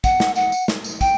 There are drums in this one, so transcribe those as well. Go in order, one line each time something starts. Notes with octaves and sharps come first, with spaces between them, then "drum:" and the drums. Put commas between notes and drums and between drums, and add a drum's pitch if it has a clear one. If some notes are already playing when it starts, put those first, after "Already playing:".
F#5, drum: kick, tambourine
drum: snare
F#5, drum: tambourine
drum: tambourine
drum: snare
drum: tambourine
G5, drum: kick, tambourine